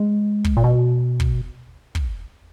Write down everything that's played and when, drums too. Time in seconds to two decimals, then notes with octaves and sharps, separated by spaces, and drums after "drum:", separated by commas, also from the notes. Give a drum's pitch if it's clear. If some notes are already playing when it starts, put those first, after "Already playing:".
Already playing: G#3
0.44 drum: kick
0.57 A#2
0.64 B2
1.20 drum: kick
1.95 drum: kick